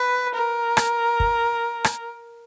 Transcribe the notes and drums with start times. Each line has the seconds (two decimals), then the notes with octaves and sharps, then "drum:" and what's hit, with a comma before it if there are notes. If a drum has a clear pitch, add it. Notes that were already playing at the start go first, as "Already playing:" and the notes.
Already playing: B4
0.34 A#4
0.77 drum: rim click
1.20 drum: kick
1.84 drum: rim click